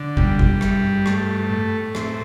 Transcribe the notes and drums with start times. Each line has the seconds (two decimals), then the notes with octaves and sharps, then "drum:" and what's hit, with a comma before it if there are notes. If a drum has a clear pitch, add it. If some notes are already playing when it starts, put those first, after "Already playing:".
Already playing: D3
0.17 G3, drum: kick
0.39 drum: kick
0.61 G2, drum: rim click
1.06 A3, drum: rim click
1.49 A2
1.95 C4, drum: rim click